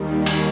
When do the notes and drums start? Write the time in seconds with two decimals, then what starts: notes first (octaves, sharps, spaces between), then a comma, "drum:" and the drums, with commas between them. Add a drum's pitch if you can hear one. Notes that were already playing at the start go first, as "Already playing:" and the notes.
Already playing: D#2 D#3 G3
0.26 drum: cymbal